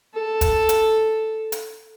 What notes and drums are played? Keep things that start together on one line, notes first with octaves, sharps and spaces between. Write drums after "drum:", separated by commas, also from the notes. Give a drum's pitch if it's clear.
A4
drum: kick, hi-hat
drum: hi-hat
drum: hi-hat